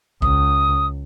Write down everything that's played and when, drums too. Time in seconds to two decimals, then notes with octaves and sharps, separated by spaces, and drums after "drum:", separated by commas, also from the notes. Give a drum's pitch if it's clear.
0.22 C#2 D#6, drum: kick A#1